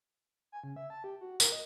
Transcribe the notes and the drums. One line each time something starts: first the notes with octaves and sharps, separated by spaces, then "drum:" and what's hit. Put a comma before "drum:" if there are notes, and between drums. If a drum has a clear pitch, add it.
G#5
C#3
E5
A5
G4
F#4
A#4, drum: tambourine
D#5